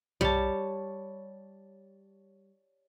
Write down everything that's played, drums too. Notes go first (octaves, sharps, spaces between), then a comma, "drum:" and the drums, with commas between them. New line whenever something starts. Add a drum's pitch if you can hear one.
G3 C#5 A5, drum: tom B1